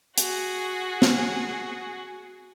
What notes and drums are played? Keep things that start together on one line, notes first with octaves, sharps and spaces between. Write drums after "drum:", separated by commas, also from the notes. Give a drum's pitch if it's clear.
F#4 G#4, drum: hi-hat
drum: snare